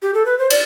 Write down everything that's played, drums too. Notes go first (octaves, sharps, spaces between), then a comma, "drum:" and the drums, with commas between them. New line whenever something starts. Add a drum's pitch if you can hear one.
G4
A4
B4
C5
D5, drum: cymbal